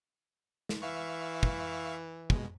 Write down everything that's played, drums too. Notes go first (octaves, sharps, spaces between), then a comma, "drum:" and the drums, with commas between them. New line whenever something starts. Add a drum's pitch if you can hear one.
drum: snare
E3 E5 F5 C#6
drum: kick
B2 G#3, drum: kick